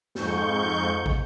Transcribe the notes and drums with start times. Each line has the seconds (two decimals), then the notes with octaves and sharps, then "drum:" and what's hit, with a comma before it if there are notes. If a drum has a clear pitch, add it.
0.15 F2 G#2 C#6 G6, drum: snare
1.06 drum: kick